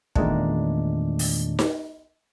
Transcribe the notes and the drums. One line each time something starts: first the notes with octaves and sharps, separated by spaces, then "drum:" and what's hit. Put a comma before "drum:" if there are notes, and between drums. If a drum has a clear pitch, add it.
E2 A#2 D#3 G#3 A3 D4, drum: kick
drum: open hi-hat
drum: snare D#4